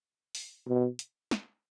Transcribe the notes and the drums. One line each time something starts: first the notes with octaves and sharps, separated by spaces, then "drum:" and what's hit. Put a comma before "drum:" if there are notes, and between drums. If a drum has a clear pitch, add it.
drum: open hi-hat
B2
drum: hi-hat
drum: snare